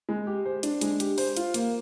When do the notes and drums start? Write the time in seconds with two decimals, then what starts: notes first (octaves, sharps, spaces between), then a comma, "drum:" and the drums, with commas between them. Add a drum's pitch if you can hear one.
0.09 G#3
0.27 G4
0.45 C5
0.63 D4, drum: hi-hat
0.81 G#3, drum: hi-hat
1.00 G4, drum: hi-hat
1.18 C5, drum: open hi-hat
1.37 F4, drum: hi-hat
1.54 A#3, drum: hi-hat